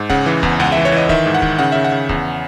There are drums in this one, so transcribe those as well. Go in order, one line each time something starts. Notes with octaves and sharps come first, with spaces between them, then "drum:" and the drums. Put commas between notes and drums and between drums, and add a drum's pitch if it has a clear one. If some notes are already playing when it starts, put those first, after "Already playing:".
Already playing: G#2
C#3 F#5, drum: kick
E3
E2, drum: kick
C#2 F#5
E3 E5
C#5
E3 D#5
D#3 E5, drum: kick
G#2
F#5
D#3, drum: kick
C#3 F#5
C#3 E5
F#5
C#3
E2, drum: kick